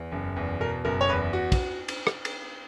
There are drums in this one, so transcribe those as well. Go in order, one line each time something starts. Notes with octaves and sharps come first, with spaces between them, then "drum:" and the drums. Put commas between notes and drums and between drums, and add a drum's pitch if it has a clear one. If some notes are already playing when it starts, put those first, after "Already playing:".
Already playing: E2
F#1
E2
B2 A#4
F#1 A#4
C#5
E2 B4
F#4
drum: kick, cymbal
drum: cymbal
drum: rim click
drum: cymbal